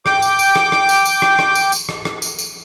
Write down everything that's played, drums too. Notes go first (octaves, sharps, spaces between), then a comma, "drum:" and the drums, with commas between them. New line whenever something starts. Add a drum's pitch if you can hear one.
G5 D6 G6, drum: rim click
drum: tambourine
drum: tambourine
drum: rim click
drum: rim click
drum: tambourine
drum: tambourine
drum: rim click
drum: rim click
drum: tambourine
drum: tambourine
drum: rim click
drum: rim click
drum: tambourine
drum: tambourine